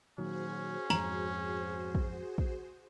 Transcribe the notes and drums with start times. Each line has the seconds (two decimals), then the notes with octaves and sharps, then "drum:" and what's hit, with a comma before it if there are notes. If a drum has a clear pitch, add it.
0.18 A#2 D#3 F#3 C#4 F#4 G#4 C5
0.90 F2 G#2 A#5 F#7, drum: snare
1.95 drum: kick
2.38 drum: kick